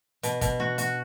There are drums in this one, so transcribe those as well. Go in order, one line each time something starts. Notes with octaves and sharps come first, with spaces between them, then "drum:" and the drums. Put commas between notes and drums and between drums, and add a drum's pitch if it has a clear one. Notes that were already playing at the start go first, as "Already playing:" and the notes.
B2, drum: hi-hat
B2, drum: kick, hi-hat
F#4
F#4, drum: hi-hat